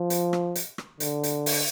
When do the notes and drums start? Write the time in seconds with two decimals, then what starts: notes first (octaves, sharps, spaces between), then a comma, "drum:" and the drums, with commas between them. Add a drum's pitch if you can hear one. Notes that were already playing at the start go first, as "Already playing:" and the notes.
Already playing: F3
0.10 drum: hi-hat
0.33 drum: rim click
0.55 drum: hi-hat
0.78 drum: rim click
1.00 D3, drum: hi-hat
1.23 drum: hi-hat
1.46 drum: open hi-hat